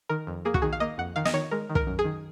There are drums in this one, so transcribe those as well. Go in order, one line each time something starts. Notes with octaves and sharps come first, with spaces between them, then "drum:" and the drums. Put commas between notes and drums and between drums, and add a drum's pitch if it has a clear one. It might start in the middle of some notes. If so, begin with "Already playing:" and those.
D#3 A#4
F2
A#3 G#4
F#4, drum: kick
D#3 G#4
F5
A#3 D#5
F2 F#5
D#3 F5
D#5, drum: snare
D#3 C#5
G#3 A#4
D#3
A#4, drum: kick
F#2
G#4
D#3